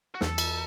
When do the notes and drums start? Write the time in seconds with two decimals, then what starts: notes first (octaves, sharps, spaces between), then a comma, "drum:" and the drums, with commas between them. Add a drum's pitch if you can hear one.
0.15 F#4
0.21 E2 A4, drum: snare
0.38 drum: cymbal